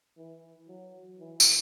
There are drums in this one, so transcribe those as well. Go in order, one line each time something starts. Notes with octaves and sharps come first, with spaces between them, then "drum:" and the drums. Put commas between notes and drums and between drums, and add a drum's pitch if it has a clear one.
E3
F#3
E3
drum: tambourine